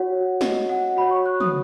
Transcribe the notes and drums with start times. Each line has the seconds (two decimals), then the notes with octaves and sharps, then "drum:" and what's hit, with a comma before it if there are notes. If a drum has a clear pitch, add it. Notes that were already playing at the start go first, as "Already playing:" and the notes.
Already playing: F#4 C#5 F#5
0.41 D#5, drum: snare
0.69 F#5
0.97 F#4 C#5 B5
1.11 C#6
1.26 F#6
1.40 D#6, drum: tom